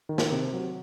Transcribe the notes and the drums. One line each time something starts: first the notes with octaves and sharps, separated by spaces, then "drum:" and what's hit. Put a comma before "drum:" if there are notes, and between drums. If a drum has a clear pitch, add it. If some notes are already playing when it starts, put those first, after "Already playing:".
D#3
drum: snare
C3
F#3